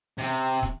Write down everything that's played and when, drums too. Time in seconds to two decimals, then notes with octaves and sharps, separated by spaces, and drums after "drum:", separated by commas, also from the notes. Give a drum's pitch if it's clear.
0.18 C3
0.63 drum: kick